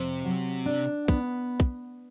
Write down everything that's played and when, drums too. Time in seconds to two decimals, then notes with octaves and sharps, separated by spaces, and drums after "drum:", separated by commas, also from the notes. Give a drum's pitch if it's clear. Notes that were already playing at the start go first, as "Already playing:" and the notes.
Already playing: F2 C3
0.25 F#3
0.66 D4
1.08 B3, drum: kick
1.60 drum: kick